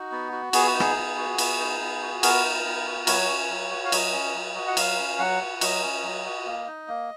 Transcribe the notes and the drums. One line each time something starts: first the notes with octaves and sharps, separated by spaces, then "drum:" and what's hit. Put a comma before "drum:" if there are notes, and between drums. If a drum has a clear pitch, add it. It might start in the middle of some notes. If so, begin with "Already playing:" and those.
Already playing: D#4 F#4
B3
F#4
B3 G#4, drum: cymbal
F#4
D#4
G#4, drum: rim click
B3
F#4
B3, drum: cymbal
D#4
B3
F#4
B3 A#4, drum: cymbal
D#4
B3
F#4
F#3 C#5, drum: cymbal
C#4
F#3
F#4
F5
F#3 D#5, drum: cymbal
C#4
F#3
F#4
F#5
F#3 F5, drum: cymbal
C#4
F#3 F#5
F#4
F#3 D#5, drum: cymbal
C#4
F#3
F#4
A#3
D#4
A#3